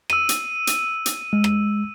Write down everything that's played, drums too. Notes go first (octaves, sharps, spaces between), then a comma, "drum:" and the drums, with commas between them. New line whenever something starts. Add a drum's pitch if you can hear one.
E6 D#7, drum: rim click
drum: hi-hat
drum: hi-hat
drum: hi-hat
G#3
drum: rim click